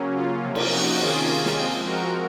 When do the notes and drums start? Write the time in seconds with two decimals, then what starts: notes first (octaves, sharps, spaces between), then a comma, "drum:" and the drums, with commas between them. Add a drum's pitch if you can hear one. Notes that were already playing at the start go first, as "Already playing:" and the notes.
Already playing: C#3 F#3 A#3 C#4
0.15 F4
0.44 C3 F3 A#3 C#4
0.55 drum: cymbal
0.72 D#4 F#4
1.01 C3 D#3 A#3 C#4 F4 G#4
1.46 drum: snare
1.58 F3 G#3 C4 F4 G#4
1.87 F#4 A#4